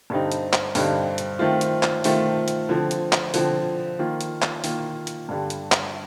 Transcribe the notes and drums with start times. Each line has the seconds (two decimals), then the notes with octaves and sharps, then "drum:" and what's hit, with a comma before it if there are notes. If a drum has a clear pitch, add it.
0.10 G2 D3 G3 C4 D#4
0.32 drum: hi-hat
0.53 drum: clap
0.75 G2 D3 G3 C4 D#4, drum: open hi-hat
1.18 drum: hi-hat
1.39 D#3 A3 C4 F4
1.61 drum: hi-hat
1.83 drum: clap
2.04 D#3 A3 C4 F4, drum: open hi-hat
2.48 drum: hi-hat
2.69 D3 F3 C4
2.91 drum: hi-hat
3.13 drum: clap
3.34 D3 F3 C4, drum: open hi-hat
3.99 D#3 A#3 F4
4.21 drum: hi-hat
4.42 drum: clap
4.64 D#3 A#3 F4, drum: open hi-hat
5.07 drum: hi-hat
5.29 G2 D3 G3
5.50 drum: hi-hat
5.72 drum: clap